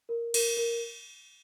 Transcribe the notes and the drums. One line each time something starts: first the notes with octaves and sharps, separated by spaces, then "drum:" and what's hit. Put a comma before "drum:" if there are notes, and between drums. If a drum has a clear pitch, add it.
A#4
A#4, drum: cymbal
A#4